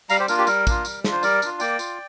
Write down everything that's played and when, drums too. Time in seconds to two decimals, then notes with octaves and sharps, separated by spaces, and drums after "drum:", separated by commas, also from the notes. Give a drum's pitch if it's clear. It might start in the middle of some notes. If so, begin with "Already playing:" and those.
0.10 G3 F5 A#5, drum: tambourine
0.20 G4 C5
0.28 A#3 D4 F4 A#4, drum: tambourine
0.38 G4
0.47 G3 A#4, drum: tambourine
0.67 A#3 D4 F4, drum: kick, tambourine
0.85 G3, drum: tambourine
1.04 D4 F4, drum: snare
1.12 C5
1.23 G3 A#4 D5, drum: tambourine
1.42 D4 F4, drum: tambourine
1.60 A#3 D5 G5, drum: tambourine
1.79 F4, drum: tambourine